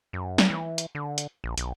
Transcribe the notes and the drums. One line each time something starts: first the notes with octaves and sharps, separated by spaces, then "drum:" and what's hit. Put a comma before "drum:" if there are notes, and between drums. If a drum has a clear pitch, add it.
F#2
drum: snare
E3
drum: hi-hat
D3
drum: hi-hat
A#1
B1, drum: hi-hat